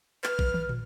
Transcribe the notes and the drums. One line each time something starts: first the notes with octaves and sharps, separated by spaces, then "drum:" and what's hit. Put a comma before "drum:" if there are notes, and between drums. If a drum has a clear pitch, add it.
B4 F6, drum: clap
drum: kick A#1
drum: tom
drum: tom